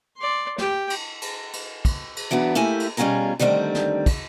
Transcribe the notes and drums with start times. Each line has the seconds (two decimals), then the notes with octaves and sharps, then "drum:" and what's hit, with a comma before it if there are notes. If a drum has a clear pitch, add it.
0.17 D5 C6
0.58 G4 G5, drum: snare
0.90 drum: cymbal
1.22 drum: cymbal
1.53 drum: cymbal
1.85 drum: kick, cymbal
2.16 drum: cymbal
2.31 E3 F#3 B3 D4
2.55 A3 A#3 E4 G4 G#5
2.80 drum: cymbal
2.97 B2 G3 C#4 F4 G#4 A#5
3.39 D3 D#3 G3 A3 C4
3.75 drum: snare
4.06 drum: kick, cymbal